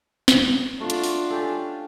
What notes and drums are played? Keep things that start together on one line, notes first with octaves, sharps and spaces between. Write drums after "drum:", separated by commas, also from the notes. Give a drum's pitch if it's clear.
drum: snare
A3 D4 F4 F#4
drum: hi-hat
drum: open hi-hat
C#4 G4 A4